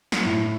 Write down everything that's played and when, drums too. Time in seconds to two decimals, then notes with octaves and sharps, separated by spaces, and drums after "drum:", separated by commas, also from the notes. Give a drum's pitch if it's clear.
0.12 drum: snare
0.25 A2